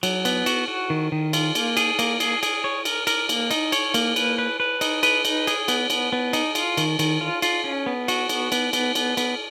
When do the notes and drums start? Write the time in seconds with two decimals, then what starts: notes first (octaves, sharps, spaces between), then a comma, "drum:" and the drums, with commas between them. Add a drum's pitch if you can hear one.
0.03 F#3, drum: cymbal
0.25 B3, drum: cymbal
0.46 F#4, drum: cymbal
0.68 F#4
0.90 D#3
1.12 D#3
1.33 F4, drum: cymbal
1.55 A#3, drum: cymbal
1.77 G#4, drum: cymbal
1.99 A#3, drum: cymbal
2.20 G#4, drum: cymbal
2.43 G#4, drum: cymbal
2.64 C#5
2.85 A#4, drum: cymbal
3.07 A#4, drum: cymbal
3.29 A#3, drum: cymbal
3.51 D#4, drum: cymbal
3.72 C#5, drum: cymbal
3.94 A#3, drum: cymbal
4.16 B4, drum: cymbal
4.38 B4
4.60 B4
4.81 D#4, drum: cymbal
5.03 B4, drum: cymbal
5.25 D#4, drum: cymbal
5.47 G#4, drum: cymbal
5.68 B3, drum: cymbal
5.90 B3, drum: cymbal
6.12 B3
6.33 D#4, drum: cymbal
6.55 F4, drum: cymbal
6.77 D#3, drum: cymbal
6.99 D#3, drum: cymbal
7.21 F4
7.42 F4, drum: cymbal
7.64 C#4
7.86 B3
8.08 F#4, drum: cymbal
8.29 B3, drum: cymbal
8.52 B3, drum: cymbal
8.73 B3, drum: cymbal
8.95 B3, drum: cymbal
9.17 B3, drum: cymbal